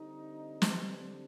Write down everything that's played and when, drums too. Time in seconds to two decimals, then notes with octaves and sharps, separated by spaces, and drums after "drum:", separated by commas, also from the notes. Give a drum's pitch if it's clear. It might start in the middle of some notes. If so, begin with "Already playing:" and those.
Already playing: D3 G3 C4 D#4
0.62 drum: snare
0.82 D4